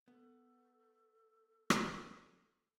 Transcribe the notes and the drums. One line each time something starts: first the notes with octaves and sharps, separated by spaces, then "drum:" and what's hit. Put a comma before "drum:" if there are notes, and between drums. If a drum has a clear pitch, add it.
B3 A4
drum: rim click